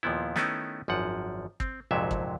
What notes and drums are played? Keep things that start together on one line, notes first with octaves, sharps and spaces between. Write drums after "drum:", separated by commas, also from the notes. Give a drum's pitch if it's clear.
D#2 A#2 F3 B3 E4
D#3 A3 B3 C#4 D#4 E4, drum: snare
G#1 F#2 F3 F#5
C4, drum: kick
A#1 F2 G#2 C3 F#3 E5
drum: kick